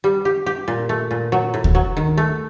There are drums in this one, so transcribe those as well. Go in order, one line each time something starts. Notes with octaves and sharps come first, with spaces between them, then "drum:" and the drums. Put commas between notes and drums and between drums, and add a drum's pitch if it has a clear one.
G3
G4
G4
A#2
A3
A#2
F#3
A2
drum: kick D2
F#3
D#3
A3